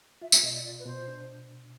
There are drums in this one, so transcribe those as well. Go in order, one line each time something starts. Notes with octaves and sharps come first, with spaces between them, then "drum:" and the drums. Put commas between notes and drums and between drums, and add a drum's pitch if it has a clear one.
F4 E5
E5, drum: tambourine
B2 D#5
D5
F4 D5
B4
B2 C5
D4